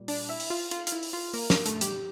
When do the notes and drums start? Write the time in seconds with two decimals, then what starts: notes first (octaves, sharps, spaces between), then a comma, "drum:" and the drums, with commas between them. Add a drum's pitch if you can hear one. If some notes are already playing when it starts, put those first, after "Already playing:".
Already playing: A#2 G3
0.08 D4 D5, drum: open hi-hat
0.29 E4 E5
0.40 drum: open hi-hat
0.50 F4
0.71 F4, drum: hi-hat
0.87 F4, drum: hi-hat
0.92 E4
1.03 drum: open hi-hat
1.13 F4
1.34 A#3 A#4, drum: open hi-hat
1.50 A#3 A#4, drum: snare
1.66 A3 A4, drum: hi-hat
1.81 G3 G4, drum: hi-hat